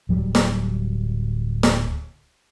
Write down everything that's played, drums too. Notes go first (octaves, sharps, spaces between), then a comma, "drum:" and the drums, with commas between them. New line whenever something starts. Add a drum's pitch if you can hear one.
D1 F#3 G3
drum: snare
drum: snare